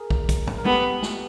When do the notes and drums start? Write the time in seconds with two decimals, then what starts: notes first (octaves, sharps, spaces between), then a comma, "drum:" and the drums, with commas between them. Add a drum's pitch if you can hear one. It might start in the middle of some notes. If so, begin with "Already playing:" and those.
Already playing: G#4 A#4
0.10 drum: kick
0.29 drum: kick, hi-hat
0.47 drum: tom
0.58 A#4
0.65 B3 G4 A4, drum: tom
1.03 drum: snare